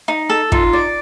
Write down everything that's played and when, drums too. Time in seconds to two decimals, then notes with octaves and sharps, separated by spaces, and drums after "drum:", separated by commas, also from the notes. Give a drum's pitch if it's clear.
0.08 D#4
0.30 A4
0.52 D#4 F4, drum: kick
0.73 D5